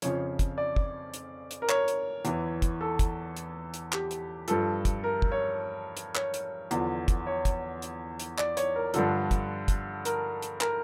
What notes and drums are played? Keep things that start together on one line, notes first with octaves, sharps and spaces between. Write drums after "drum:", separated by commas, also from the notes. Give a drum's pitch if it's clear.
F2 C#3 F3 C#5, drum: hi-hat
drum: kick, hi-hat
D5
drum: kick
drum: hi-hat
drum: hi-hat
A#4
C#5, drum: clap
drum: hi-hat
E2 E3, drum: hi-hat
drum: kick, hi-hat
A4
drum: kick, hi-hat
drum: hi-hat
drum: hi-hat
G4, drum: clap
drum: hi-hat
G2 F3 A4, drum: hi-hat
drum: kick, hi-hat
A#4
drum: kick
C#5
drum: hi-hat
C#5, drum: clap
drum: hi-hat
E2 D3 F3, drum: hi-hat
drum: kick, hi-hat
C#5
drum: kick, hi-hat
drum: hi-hat
drum: hi-hat
D5, drum: clap
C#5, drum: hi-hat
A#4
G2 D3 F3 A4, drum: hi-hat
drum: kick, hi-hat
drum: kick, hi-hat
A#4, drum: hi-hat
drum: hi-hat
A#4, drum: clap